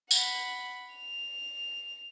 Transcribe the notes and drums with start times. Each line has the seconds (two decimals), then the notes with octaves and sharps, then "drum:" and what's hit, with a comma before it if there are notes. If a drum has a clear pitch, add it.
0.11 F#5 B5, drum: tambourine
0.94 F7